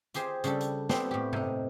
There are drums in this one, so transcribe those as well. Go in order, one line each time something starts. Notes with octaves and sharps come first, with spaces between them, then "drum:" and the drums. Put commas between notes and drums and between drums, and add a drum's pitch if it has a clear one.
F4 G4 G#4 C5, drum: hi-hat
C#3 G3 D4 G4 A4, drum: hi-hat
drum: hi-hat
B3 C4 G4 A4 C5, drum: snare
A2 G4
C3 D#4, drum: tom G2